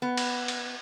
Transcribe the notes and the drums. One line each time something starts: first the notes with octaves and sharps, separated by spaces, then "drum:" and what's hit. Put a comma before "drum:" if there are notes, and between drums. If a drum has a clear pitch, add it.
B3
drum: cymbal
drum: cymbal